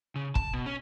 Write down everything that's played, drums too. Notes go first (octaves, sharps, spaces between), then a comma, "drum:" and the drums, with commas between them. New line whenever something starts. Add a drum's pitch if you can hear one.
C#3
A5, drum: kick
B2
C#4